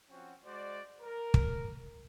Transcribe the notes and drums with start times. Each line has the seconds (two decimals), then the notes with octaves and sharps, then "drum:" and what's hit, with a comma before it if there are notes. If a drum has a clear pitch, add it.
0.10 F3 C4 C#4 F#4
0.45 G#3 F#4 C5 D5
1.01 A#4
1.34 drum: kick